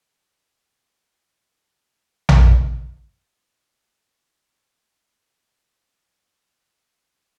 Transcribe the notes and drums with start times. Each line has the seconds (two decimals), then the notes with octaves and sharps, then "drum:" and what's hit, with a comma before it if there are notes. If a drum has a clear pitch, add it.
0.03 B4
1.70 G#3 D#4 A#5 E6 A6
2.29 drum: tom A#1
4.59 D#3 D5 F5
4.85 F2 G#2 G4 C5
5.33 D4 C5
6.10 F4 F#4 G#4